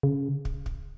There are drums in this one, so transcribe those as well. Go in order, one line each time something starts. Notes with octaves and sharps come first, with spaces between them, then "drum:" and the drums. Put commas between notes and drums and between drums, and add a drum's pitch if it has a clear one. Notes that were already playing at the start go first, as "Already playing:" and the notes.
C#3
drum: kick
drum: kick